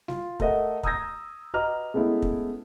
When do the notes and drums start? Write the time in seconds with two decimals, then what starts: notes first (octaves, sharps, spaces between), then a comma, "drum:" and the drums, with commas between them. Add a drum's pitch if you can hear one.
0.08 F4, drum: snare
0.40 A3 A4 A#4 D#5 E5 F#5, drum: kick
0.83 A#5 D#6 E6 G6 G#6 A#6, drum: kick
1.54 F#4 B4 D#5 A#5 D6 F6
1.94 G#3 A3 B3 C#4 E4
2.22 drum: kick